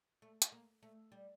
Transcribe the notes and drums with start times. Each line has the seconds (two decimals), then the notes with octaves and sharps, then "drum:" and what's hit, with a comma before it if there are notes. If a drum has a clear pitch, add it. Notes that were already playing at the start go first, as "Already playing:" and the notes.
0.22 A3
0.42 drum: hi-hat
0.52 A#3
0.83 A3
1.12 G3